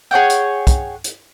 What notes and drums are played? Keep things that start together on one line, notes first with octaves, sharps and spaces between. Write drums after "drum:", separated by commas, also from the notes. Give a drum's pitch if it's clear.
G#4 C#5 F#5 G5
drum: hi-hat
drum: kick, hi-hat
drum: hi-hat